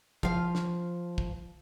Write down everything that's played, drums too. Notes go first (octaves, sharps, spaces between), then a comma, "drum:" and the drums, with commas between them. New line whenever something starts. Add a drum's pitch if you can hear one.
F3 F5, drum: kick
drum: snare
drum: kick